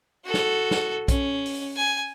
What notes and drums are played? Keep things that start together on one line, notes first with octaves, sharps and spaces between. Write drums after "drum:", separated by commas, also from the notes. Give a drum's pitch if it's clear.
F#4 A4
drum: snare
drum: snare
C#4, drum: kick B1, hi-hat
drum: open hi-hat
G#5